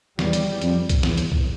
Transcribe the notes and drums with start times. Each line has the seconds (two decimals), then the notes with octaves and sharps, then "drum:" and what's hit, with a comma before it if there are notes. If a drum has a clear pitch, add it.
0.19 E2 G3, drum: snare
0.33 drum: hi-hat
0.62 F2, drum: hi-hat
0.89 drum: kick C2, hi-hat
1.03 E2, drum: snare
1.18 drum: hi-hat
1.32 drum: kick C2